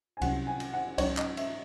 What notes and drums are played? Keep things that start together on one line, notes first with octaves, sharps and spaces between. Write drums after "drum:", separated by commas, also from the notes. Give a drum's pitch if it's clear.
G#5
C2 C3 F#3 C#4 F#5, drum: kick C2, cymbal
G#5
drum: cymbal
F#5
G#2 F#3 C#4 C#5, drum: kick C2, cymbal
D#5, drum: clap
E5, drum: cymbal